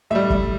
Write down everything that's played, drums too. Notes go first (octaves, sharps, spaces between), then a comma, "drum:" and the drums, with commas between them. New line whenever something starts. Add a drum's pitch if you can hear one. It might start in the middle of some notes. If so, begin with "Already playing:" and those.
A2 G3 E5
drum: kick